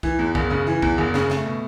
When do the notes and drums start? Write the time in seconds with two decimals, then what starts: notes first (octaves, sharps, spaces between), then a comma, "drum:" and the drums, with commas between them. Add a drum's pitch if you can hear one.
0.03 E3, drum: kick C2
0.19 E2
0.35 F#1, drum: kick C2
0.50 C#3
0.67 E3
0.82 E2, drum: kick C2
0.98 F#1
1.14 C#3, drum: snare
1.30 A3, drum: snare
1.46 B2